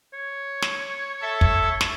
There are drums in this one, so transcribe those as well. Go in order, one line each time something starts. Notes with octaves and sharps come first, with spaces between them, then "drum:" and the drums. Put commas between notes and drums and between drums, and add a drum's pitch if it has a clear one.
C#5
drum: snare
A4 E5
drum: kick
drum: snare